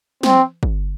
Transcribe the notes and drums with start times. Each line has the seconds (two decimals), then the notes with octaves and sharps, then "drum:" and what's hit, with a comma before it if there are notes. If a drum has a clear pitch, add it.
0.23 C4, drum: snare
0.63 drum: kick